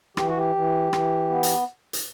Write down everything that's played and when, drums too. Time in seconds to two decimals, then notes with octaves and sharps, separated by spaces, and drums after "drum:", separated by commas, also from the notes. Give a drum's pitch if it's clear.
0.17 E3 G4, drum: rim click
0.28 F#4
0.37 G4
0.56 E3
0.93 E3, drum: rim click
1.30 B3
1.43 drum: hi-hat
1.93 drum: hi-hat